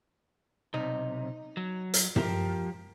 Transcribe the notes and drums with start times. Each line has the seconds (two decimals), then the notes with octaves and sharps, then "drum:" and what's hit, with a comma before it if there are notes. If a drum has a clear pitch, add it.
0.74 B1 C3 D#4
1.57 F#3
1.94 drum: hi-hat
2.16 F3 G4 A#4, drum: tom